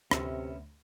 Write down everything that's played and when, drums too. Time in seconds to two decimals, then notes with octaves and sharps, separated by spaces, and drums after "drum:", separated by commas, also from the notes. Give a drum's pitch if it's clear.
0.11 D2 C3 B3 C#4 E5, drum: rim click